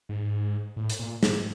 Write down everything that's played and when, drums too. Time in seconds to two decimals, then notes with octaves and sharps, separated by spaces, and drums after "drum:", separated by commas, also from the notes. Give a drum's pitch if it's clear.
0.09 G#2
0.76 A2
0.90 drum: hi-hat
0.99 A#2
1.23 G#2, drum: snare